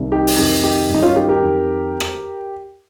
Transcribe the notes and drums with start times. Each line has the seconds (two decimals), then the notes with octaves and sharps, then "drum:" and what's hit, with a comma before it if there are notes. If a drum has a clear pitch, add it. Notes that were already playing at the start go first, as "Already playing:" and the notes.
Already playing: C2 C3 D#3
0.12 D#4 G4
0.27 drum: open hi-hat
0.37 F2 C3 D#3 D#4 G4
0.64 D#4 G4
0.89 G2
0.94 D#3 D#4
1.02 C#4 F4
1.16 D#4 G4
1.29 G4 A#4
1.42 F2 D#3
2.00 drum: rim click